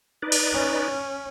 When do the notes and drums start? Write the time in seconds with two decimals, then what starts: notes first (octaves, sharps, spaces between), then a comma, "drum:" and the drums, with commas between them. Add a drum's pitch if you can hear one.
0.22 D#4 B4 D5
0.32 drum: cymbal
0.53 C#4